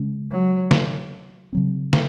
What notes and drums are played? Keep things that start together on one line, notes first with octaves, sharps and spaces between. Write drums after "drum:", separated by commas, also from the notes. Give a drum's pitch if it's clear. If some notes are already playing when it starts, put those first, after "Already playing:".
Already playing: C#3 G#3 C#4
F#3
drum: snare
C#3 F#3 C4
drum: snare